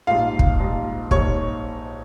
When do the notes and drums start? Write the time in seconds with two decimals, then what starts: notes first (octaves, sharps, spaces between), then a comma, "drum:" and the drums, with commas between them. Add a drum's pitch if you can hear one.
0.07 A#1 G#2 G3 F4 F5
0.39 drum: kick
0.59 A#1 G#2 G3
1.11 A#1 G#2 G3 C#5 C#6, drum: kick